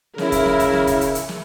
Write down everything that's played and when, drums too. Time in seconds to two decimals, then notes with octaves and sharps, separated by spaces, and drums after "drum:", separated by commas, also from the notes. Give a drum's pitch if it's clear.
0.18 C#3 E4 A#4, drum: snare
0.32 drum: kick E1, hi-hat
0.46 drum: snare
0.60 drum: kick E1, hi-hat
0.73 drum: snare
0.87 drum: kick E1, hi-hat
1.01 drum: hi-hat
1.15 drum: hi-hat
1.29 drum: snare